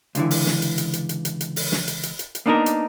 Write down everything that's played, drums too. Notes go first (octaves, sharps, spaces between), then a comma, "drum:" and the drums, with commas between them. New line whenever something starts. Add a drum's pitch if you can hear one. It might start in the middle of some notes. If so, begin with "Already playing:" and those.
C#2 D3 E3, drum: hi-hat
drum: open hi-hat
drum: snare
drum: hi-hat
drum: hi-hat
drum: hi-hat
drum: hi-hat
drum: hi-hat
drum: hi-hat
drum: open hi-hat
drum: snare
drum: hi-hat
drum: hi-hat
drum: hi-hat
drum: hi-hat
A#3 B3 D4 D#4 A4 A#4
drum: hi-hat